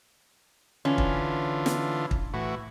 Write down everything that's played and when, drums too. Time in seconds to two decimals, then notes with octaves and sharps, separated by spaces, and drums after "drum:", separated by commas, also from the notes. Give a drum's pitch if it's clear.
0.85 D3 E3 C#4 F4
0.98 drum: kick
1.66 drum: snare
2.11 drum: kick
2.34 A2 E3 F#4